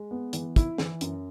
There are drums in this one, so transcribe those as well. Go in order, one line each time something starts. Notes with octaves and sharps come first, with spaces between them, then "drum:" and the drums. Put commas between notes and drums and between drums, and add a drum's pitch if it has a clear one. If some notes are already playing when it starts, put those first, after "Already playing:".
Already playing: G#3
B3
E3, drum: hi-hat
E4, drum: kick, hi-hat
E3, drum: snare
F#2, drum: hi-hat